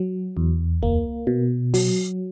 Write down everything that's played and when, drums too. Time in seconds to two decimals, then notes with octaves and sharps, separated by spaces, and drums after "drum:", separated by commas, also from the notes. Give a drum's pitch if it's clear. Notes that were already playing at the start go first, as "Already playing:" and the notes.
Already playing: F#3
0.37 E2
0.83 A#3, drum: kick C#2
1.27 B2
1.74 F#3, drum: open hi-hat